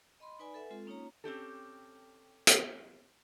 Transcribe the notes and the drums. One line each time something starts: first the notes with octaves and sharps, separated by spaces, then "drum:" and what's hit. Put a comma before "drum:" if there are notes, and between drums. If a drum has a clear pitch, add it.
D#5 B5 C6
D#4 B4 D5 G#5 B5
A4 B4 E5 F#5 G#5
G#3 C4 F4 A4
A#3 C#4 D#4 F4 C#5 A#5
C4 C#4 G4 A4
drum: hi-hat